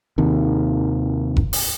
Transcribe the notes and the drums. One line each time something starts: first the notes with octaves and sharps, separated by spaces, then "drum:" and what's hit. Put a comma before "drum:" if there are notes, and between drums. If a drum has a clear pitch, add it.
D#2 C3 D#3
drum: kick F1
drum: open hi-hat